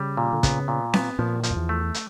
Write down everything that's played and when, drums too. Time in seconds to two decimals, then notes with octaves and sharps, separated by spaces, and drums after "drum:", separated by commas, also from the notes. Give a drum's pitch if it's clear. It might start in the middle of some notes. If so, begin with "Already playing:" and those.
Already playing: C#3 G3
0.17 A#2
0.32 D3
0.43 C#3 B3, drum: kick, hi-hat
0.68 A#2
0.94 B3, drum: snare C4
1.19 A#2 F3
1.43 F3, drum: hi-hat
1.50 F2
1.56 E2
1.69 A3
1.94 drum: hi-hat